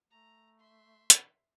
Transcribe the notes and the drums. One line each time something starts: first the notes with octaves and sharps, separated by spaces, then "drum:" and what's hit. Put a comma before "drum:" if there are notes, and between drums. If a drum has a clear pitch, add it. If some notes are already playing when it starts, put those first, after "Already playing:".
A3 A#5
E5 C6
drum: hi-hat